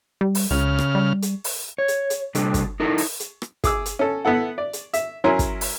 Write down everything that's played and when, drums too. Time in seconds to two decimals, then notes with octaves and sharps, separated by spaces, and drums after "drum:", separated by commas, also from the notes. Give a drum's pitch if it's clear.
0.21 G3
0.35 drum: open hi-hat
0.51 C#2 C#3 F6
0.79 drum: rim click
0.95 G3
1.22 drum: hi-hat
1.44 drum: open hi-hat
1.78 C#5
1.88 drum: hi-hat
2.10 drum: hi-hat
2.35 C3 G3 D4 A4, drum: hi-hat
2.54 drum: kick, hi-hat
2.80 D#4 E4 A4 A#4
2.98 drum: open hi-hat
3.20 drum: hi-hat
3.42 drum: rim click
3.64 G#4 D6 E6, drum: kick, hi-hat
3.86 drum: hi-hat
3.99 C#4 A4
4.25 B3 E4 A4 F#5
4.58 D5
4.73 drum: hi-hat
4.93 E5, drum: hi-hat
5.24 F#3 C#4 E4 A#4 G#5 C6
5.39 drum: kick, hi-hat
5.61 drum: open hi-hat